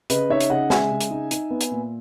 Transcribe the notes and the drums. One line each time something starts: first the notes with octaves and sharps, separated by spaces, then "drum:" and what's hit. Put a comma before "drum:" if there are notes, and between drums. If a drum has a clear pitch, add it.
C#3 B4 D#5, drum: hi-hat
D#4 C#5 E5
drum: hi-hat
C#3 D#5 F#5
G#3 E5 G#5, drum: snare
C#3
drum: hi-hat
D#4
D#4, drum: hi-hat
B3
drum: hi-hat
A#2